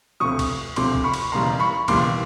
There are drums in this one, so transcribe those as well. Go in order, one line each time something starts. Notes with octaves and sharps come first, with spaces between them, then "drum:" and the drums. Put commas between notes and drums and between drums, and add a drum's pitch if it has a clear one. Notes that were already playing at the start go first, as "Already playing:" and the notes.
D2 C3 F3 C#6 D#6
drum: kick B1, cymbal
D2 C3 F3 C6 D6, drum: cymbal
drum: kick B1
B5 C#6
drum: cymbal
E1 D#2 C#3 E3 G3 A#5 C6
B5 C#6
E1 D#2 C#3 E3 G3 C6 D6, drum: kick B1, cymbal